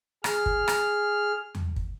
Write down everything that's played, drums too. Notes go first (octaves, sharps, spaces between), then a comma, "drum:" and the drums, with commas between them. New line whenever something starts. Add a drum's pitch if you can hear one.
G#4 F6, drum: rim click
drum: kick
drum: rim click
drum: tom E2
drum: kick